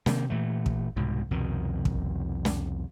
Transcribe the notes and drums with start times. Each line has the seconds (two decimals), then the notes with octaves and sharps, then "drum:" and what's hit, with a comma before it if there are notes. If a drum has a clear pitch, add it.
0.06 C3 D#3 F3 A#3, drum: snare
0.30 A#2 E3 A3
0.66 drum: kick
0.96 C2 G#2 B2
1.31 C2 F2 B2 D#3
1.85 drum: kick
2.45 drum: snare